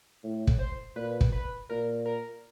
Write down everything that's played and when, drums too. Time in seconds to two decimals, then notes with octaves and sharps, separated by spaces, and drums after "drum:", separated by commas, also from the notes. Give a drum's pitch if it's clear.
0.24 A2
0.47 drum: kick
0.59 C5
0.96 A#2 B4
1.21 drum: kick
1.32 B4
1.69 A#2 A#4
2.05 A#4